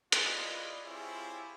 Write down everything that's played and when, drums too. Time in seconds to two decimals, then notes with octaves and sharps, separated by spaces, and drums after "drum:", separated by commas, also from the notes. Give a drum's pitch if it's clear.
0.12 E4 F4 G#4 B4 D5 D#5, drum: hi-hat
0.86 C4 E4 F4 G4 G#4 C#5